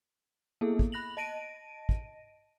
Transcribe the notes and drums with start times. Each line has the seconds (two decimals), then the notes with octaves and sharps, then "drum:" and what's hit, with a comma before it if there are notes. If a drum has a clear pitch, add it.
0.61 A#3 B3 E4 G#4 A4
0.79 drum: kick
0.92 B5 F#6 A#6 F7 F#7
1.17 D#5 A5 A#6 D7 D#7
1.89 drum: kick